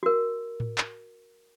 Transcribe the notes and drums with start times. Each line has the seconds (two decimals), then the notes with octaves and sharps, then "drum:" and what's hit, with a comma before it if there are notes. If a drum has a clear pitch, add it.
0.03 F#4 A#4
0.60 drum: tom A2
0.78 drum: clap